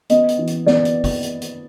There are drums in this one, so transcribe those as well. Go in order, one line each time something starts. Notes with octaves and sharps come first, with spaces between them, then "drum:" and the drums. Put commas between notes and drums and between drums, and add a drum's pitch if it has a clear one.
B3 D#5, drum: hi-hat
drum: hi-hat
E3
drum: hi-hat
B3 D5, drum: snare
drum: hi-hat
drum: kick G#1, open hi-hat
drum: hi-hat
drum: hi-hat